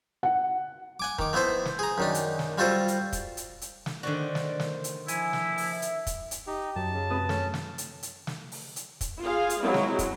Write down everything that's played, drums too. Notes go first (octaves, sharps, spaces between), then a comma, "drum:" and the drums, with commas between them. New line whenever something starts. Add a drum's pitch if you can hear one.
F#5
F#5 G#5 D6
D#3 D6, drum: kick
A3 B3 E4 C5 F#5
drum: snare
G#4 A#5
F#2 D#3 D4
drum: hi-hat
drum: snare
G3 F4 F#4 A4 C5
drum: hi-hat
drum: kick, hi-hat
drum: hi-hat
drum: hi-hat
drum: snare
D3 D#3 F#4 C5 D5
drum: snare
drum: snare
drum: hi-hat
F3 E4 G#5, drum: hi-hat
drum: snare
drum: open hi-hat
E5
drum: hi-hat
drum: kick, hi-hat
drum: hi-hat
D#4 G4
F#2 A5
C#3
C3 B4 D#6
A3 C#4, drum: snare
drum: snare
drum: hi-hat
drum: hi-hat
drum: snare
drum: open hi-hat
drum: hi-hat
drum: kick, hi-hat
F4 G#4 F5
drum: hi-hat
F#3 G#3 C4 E4
drum: snare
drum: kick, hi-hat